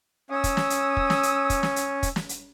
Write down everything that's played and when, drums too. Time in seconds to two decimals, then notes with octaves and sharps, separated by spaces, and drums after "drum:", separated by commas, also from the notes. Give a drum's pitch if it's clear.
0.30 C#4 D#6 E6
0.44 drum: kick, hi-hat
0.57 drum: snare
0.70 drum: hi-hat
0.97 drum: kick
1.10 drum: snare
1.23 drum: hi-hat
1.50 drum: kick, hi-hat
1.63 drum: snare
1.76 drum: hi-hat
2.03 drum: kick, hi-hat
2.16 drum: snare
2.29 drum: hi-hat